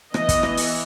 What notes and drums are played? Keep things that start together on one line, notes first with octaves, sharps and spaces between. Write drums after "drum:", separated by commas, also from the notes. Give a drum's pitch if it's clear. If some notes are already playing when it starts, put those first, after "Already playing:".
E3 B3 D#5, drum: rim click
drum: kick, hi-hat
drum: rim click
drum: open hi-hat